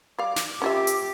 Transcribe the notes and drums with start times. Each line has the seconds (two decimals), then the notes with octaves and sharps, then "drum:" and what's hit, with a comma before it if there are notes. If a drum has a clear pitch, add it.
0.19 G3 F5 D6
0.36 drum: snare
0.62 C#4 F4 G4 E5
0.87 drum: hi-hat